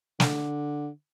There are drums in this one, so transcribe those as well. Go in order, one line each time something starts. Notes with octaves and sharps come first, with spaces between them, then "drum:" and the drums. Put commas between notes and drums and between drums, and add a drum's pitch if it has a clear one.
D3, drum: snare